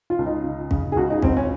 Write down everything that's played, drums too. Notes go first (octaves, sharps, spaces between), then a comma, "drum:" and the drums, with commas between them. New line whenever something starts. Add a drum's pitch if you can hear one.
F4
C#2
D#4
C#3
C#3, drum: kick
G#4
C#2 F#4
D#4
C#2 C4, drum: kick
C#4